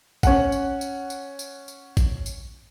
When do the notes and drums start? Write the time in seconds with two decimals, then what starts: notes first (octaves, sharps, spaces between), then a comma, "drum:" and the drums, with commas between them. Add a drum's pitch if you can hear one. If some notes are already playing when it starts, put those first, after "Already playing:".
0.23 C#4 F#5, drum: kick A1, tambourine
0.52 drum: tambourine
0.81 drum: tambourine
1.10 drum: tambourine
1.39 drum: tambourine
1.68 drum: tambourine
1.97 drum: kick A1, tambourine
2.26 drum: tambourine